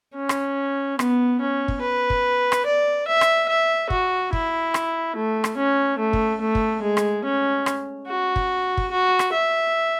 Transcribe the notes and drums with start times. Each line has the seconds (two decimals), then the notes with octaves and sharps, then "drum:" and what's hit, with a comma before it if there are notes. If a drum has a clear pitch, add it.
0.16 C#4
0.29 drum: rim click
0.99 B3, drum: rim click
1.41 C#4
1.68 drum: kick
1.82 B4
2.10 drum: kick
2.52 drum: rim click
2.66 D5
3.08 E5
3.21 drum: rim click
3.49 E5
3.90 F#4, drum: kick
4.33 E4, drum: kick
4.74 drum: rim click
5.17 A3
5.44 drum: rim click
5.57 C#4
5.99 A3
6.13 drum: kick
6.41 A3
6.55 drum: kick
6.82 G#3
6.97 drum: rim click
7.25 C#4
7.66 drum: rim click
8.08 F#4
8.36 drum: kick
8.77 drum: kick
8.92 F#4
9.19 drum: rim click
9.33 E5